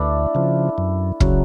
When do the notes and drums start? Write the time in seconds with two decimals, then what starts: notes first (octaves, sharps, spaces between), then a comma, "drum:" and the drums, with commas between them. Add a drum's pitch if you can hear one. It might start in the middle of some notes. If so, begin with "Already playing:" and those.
Already playing: D2 A3 D4 E4
0.35 C#3 F3
0.78 F#2
1.20 C#3 F#3, drum: kick